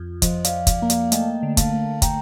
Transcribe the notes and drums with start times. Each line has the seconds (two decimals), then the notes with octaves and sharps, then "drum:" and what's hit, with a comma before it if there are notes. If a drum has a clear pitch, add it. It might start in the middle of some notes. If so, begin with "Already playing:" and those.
Already playing: F2
0.22 F3 C5 D#5, drum: kick, hi-hat
0.45 D5 F5, drum: hi-hat
0.51 F3
0.67 D5 F5, drum: kick, hi-hat
0.82 A#3
0.90 D5 F5, drum: hi-hat
1.12 A3 D#5 G5, drum: hi-hat
1.43 D3
1.57 F5 A5, drum: kick, hi-hat
1.72 A3
2.02 G5 A#5, drum: kick, hi-hat